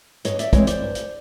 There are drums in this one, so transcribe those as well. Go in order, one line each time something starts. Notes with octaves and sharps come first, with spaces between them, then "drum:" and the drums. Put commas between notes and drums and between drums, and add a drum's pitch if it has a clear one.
G2 C#5 D#5, drum: hi-hat
D5 E5, drum: hi-hat
E3 G#3 C4 C#5 D#5, drum: kick, hi-hat
C5 D5, drum: hi-hat
G2
drum: hi-hat